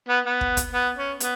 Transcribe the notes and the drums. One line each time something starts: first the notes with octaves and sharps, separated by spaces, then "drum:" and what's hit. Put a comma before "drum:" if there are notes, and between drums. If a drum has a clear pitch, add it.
B3
B3
drum: kick
drum: kick, hi-hat
B3
C#4
B3, drum: hi-hat